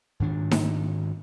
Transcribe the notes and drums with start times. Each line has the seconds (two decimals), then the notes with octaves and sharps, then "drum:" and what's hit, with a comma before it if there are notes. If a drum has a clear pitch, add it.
0.20 G#2 D#3 D4
0.51 drum: snare D#4